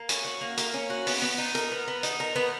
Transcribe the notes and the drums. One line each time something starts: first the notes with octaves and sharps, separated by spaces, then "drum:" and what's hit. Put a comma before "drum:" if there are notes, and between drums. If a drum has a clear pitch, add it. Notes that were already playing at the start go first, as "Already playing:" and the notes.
Already playing: A#3
C#4, drum: hi-hat
F#4
A#3
A#3, drum: hi-hat
C#4
F#4
B3, drum: open hi-hat
B3
D#4
A#4, drum: hi-hat
B3
B3
D#4, drum: hi-hat
A#4
B3